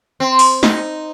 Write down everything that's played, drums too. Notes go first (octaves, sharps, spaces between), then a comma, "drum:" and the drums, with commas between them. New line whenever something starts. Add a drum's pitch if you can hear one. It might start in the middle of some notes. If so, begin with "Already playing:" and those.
C4
drum: open hi-hat
D#4, drum: snare